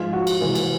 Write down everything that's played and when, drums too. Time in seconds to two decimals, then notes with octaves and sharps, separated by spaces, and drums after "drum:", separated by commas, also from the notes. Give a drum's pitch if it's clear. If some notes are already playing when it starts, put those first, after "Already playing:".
Already playing: G#2 F3 G#3 F4
0.13 F#4
0.27 drum: cymbal
0.41 C3 E3 G#3
0.55 drum: cymbal